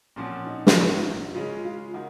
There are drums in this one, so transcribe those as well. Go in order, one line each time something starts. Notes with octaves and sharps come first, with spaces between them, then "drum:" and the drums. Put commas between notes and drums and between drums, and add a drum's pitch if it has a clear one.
A#2 F3 C4 C#4 F#4
D#4
D#4, drum: snare
G#2 D#3 F#3 C#4 F4
C#3 G#3 C#4 F4
F4
D#3 F#4